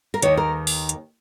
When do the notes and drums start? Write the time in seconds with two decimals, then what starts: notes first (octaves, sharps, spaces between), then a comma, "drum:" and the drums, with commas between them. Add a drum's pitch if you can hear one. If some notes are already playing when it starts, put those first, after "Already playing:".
0.14 A#4
0.22 D#2 D#3 C#5, drum: hi-hat
0.37 A#4
0.67 drum: open hi-hat
0.89 drum: hi-hat